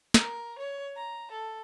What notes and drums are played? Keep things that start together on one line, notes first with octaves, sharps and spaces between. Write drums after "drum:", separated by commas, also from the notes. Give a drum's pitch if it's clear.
A#4, drum: snare
C#5
A#5
A4